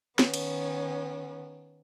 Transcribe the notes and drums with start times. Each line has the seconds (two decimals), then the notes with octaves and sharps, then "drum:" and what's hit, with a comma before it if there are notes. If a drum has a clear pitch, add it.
0.19 D#3 B3 C#4, drum: snare
0.34 drum: cymbal